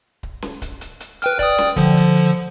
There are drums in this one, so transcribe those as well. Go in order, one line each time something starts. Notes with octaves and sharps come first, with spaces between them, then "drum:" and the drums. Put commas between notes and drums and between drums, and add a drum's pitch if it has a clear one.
drum: kick D1
drum: snare C#4
drum: kick D1, hi-hat
drum: hi-hat
drum: hi-hat
B4 G5 F6, drum: hi-hat
D5 G5 D#6, drum: kick D1, hi-hat
drum: snare C#4
D3 F3, drum: kick D1, hi-hat
drum: hi-hat
drum: hi-hat